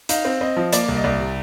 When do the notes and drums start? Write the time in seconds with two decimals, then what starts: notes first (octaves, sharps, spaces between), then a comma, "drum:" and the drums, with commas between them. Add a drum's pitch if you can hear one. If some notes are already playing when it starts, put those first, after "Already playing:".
0.09 D#4 F5, drum: hi-hat
0.25 C4
0.41 C4 D#5
0.57 F3
0.73 A#3 D5, drum: hi-hat
0.89 C2
0.97 D#5
1.04 C2 D5
1.20 C3